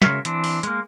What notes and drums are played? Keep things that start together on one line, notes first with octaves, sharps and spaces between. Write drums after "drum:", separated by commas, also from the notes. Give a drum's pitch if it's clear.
C#3 G#3 F#4 A#4 C#5 E5, drum: snare
E3 C4 D4, drum: hi-hat
drum: open hi-hat
G#3 A#3, drum: hi-hat